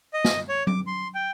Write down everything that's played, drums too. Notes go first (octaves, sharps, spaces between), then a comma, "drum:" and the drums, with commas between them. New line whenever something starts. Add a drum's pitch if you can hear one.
D#5
drum: snare
C#5
D6, drum: tom F#3
C6
G5